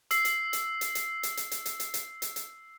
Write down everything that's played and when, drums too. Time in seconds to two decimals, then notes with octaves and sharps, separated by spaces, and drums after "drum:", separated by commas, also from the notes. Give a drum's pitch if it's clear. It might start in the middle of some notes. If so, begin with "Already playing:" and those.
0.11 E6 C7, drum: hi-hat
0.25 drum: hi-hat
0.53 drum: hi-hat
0.81 drum: hi-hat
0.95 drum: hi-hat
1.23 drum: hi-hat
1.37 drum: hi-hat
1.51 drum: hi-hat
1.66 drum: hi-hat
1.80 drum: hi-hat
1.94 drum: hi-hat
2.22 drum: hi-hat
2.36 drum: hi-hat